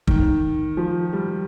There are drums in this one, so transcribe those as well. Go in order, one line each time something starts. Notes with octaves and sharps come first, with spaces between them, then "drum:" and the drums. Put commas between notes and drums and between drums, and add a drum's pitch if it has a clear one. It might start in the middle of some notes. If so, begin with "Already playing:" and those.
D#3, drum: kick
F3
G3